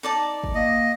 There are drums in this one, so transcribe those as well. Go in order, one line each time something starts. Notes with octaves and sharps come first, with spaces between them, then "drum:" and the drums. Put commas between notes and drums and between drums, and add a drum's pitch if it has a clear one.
D#4 D5 A5
drum: kick
A#3 D#5